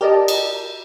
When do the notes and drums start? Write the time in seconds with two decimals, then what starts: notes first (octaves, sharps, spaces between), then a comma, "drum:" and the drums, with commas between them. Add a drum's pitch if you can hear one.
0.01 G4 A#4 D5 D#5 A5 A#5
0.28 drum: cymbal